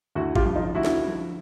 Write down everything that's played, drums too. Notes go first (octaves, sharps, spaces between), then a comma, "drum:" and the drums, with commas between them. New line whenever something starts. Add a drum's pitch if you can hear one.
D2 E4 F#4
F4 G4, drum: kick
C#3 F3
D#4 F4
D2 E4 F#4
drum: snare
D3 F3